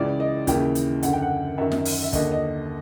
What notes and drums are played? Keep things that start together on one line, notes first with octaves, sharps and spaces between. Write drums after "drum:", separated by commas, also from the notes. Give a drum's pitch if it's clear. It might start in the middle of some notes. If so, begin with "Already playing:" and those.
Already playing: C#2 C#3 E3 D5
D#5
D#2 C#3 E3 G5, drum: kick, hi-hat
drum: hi-hat
F#2 D3 F#5, drum: hi-hat
G5
F#5
F#2 D#3 E5
drum: snare
drum: open hi-hat
E5
D#2 D3 D#5, drum: kick, hi-hat
D#5